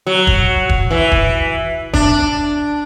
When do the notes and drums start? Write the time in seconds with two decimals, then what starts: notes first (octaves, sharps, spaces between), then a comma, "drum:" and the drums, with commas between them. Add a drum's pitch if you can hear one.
0.07 F#3
0.27 drum: kick
0.69 drum: kick
0.90 E3
1.12 drum: kick
1.94 D4, drum: kick